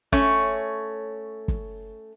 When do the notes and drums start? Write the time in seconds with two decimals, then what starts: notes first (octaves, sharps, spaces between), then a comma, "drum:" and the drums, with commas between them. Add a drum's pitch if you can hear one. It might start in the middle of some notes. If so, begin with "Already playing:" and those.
0.12 A3 C#4 C#5, drum: kick
1.48 drum: kick